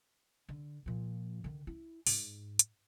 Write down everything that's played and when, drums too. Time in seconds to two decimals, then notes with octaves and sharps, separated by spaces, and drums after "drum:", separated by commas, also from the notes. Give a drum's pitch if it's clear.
0.49 D3
0.86 A#2 F3
1.44 D3 D#3
1.67 E4
2.07 G#2, drum: open hi-hat
2.59 drum: hi-hat